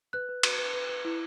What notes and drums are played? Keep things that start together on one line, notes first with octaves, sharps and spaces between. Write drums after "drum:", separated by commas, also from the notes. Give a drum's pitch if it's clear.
B4 F#6
B4
B4, drum: cymbal
B4
B4
B4
E4